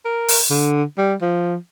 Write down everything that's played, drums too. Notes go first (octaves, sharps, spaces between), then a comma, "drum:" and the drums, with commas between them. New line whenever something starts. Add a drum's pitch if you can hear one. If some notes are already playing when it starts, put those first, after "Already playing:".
A#4
drum: open hi-hat
D3
G3
F3